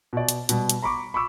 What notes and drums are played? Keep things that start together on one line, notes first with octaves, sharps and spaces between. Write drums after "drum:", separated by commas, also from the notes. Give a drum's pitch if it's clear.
B2 D5
drum: hi-hat
B2 G3, drum: hi-hat
drum: hi-hat
A#5 B5 C#6 D6
B5 C#6 D6 E6